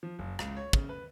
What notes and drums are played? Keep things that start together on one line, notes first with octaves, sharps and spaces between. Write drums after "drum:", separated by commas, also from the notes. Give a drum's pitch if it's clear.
F3
F#1
C#2, drum: rim click
C#5
C#3, drum: kick
B4